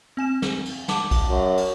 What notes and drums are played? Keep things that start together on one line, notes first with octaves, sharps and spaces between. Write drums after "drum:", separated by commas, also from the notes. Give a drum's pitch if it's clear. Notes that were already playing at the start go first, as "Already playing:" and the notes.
C4 G#5 E7
drum: snare
drum: cymbal
F#5 A5 D6, drum: snare
drum: kick, cymbal
F#2
drum: cymbal